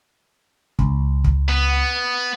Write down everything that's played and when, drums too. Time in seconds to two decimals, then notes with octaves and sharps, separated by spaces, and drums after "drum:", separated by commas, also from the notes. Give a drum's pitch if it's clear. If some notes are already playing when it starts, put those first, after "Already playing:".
0.79 C#2, drum: kick
1.24 drum: kick
1.49 B3